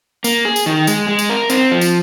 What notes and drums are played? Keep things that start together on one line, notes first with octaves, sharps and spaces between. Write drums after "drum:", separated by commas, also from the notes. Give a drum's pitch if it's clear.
A#3, drum: tambourine
G#4
drum: tambourine
D#3
G#3, drum: tambourine
G#3
drum: tambourine
A#4
C4, drum: tambourine
F3
drum: tambourine